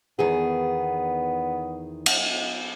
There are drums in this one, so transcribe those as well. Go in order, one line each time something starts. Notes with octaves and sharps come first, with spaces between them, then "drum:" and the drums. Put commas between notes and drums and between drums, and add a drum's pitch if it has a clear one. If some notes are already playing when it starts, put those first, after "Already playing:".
E2 D#3 B3 G#4
drum: cymbal